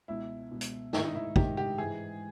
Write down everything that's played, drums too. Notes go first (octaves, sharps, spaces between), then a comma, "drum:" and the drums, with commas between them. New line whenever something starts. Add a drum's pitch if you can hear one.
C#2 B2 E4
C#2 B2
drum: hi-hat
G#2 D#3 E4, drum: snare
D#4
E4
G#2 D#3 G4, drum: kick
G4
G#2 E3 G#4